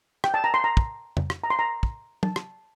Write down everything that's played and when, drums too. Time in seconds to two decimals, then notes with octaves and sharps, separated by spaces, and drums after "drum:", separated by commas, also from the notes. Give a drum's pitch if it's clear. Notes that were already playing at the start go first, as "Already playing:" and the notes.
0.24 G5, drum: rim click
0.34 A5
0.44 A#5
0.54 C6
0.64 A#5
0.77 drum: kick
1.17 drum: tom F2
1.30 drum: rim click
1.44 A#5
1.50 C6
1.59 A#5
1.83 drum: kick
2.23 A5, drum: tom
2.36 drum: rim click